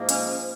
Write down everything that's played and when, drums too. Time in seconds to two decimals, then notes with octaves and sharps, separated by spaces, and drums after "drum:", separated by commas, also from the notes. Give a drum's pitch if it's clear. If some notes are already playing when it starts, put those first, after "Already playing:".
Already playing: G#2 F3 A#3
0.09 C#4, drum: hi-hat